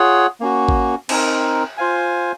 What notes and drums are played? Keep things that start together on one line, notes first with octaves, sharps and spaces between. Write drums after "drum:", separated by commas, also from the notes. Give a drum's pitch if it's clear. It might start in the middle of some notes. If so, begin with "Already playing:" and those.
Already playing: F4 G#4 C#5 F#5
A#3 C#4 F#4
drum: kick G#1
C4 D#4 A#4, drum: cymbal
F4 C5 F5 G#5